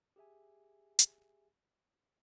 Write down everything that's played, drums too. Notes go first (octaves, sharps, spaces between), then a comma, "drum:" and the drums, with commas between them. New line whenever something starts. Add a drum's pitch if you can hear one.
G4 G#4 E5 G#5
drum: hi-hat